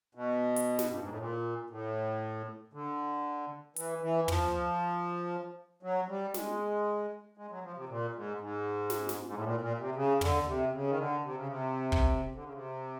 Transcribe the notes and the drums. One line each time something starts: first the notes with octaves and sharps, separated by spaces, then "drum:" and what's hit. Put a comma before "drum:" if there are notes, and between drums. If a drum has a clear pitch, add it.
B2
drum: hi-hat
drum: snare
G2
G#2
A2
A#2
A2
D3
E3, drum: hi-hat
E3
F3, drum: tom
F#3
G3
G#3, drum: snare
G#3
F#3
F3
C3
A#2
G#2
G#2
drum: snare
drum: snare
G#2
A2
A#2
A#2
C3
C#3
D3, drum: tom
C3
C#3
D#3
D3
C3
C#3
C3
drum: kick
D3
C#3
C3